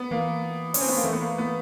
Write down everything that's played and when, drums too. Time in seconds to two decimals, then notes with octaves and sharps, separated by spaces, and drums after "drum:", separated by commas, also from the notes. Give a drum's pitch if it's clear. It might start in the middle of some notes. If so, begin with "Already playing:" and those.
Already playing: B3
0.11 E3 A#3
0.74 C#4, drum: open hi-hat
0.81 C4
0.88 B3
0.96 A#3
1.04 E3 A3
1.12 B3
1.21 A#3
1.38 B3